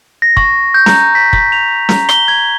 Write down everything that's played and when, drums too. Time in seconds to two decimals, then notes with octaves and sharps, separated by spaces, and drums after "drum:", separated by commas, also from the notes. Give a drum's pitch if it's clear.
0.22 A#6
0.37 C#6, drum: kick
0.74 G6
0.86 A#5, drum: snare
1.15 B6
1.33 B6, drum: kick
1.52 F7
1.89 A#5, drum: snare
2.09 G7, drum: rim click
2.28 G#6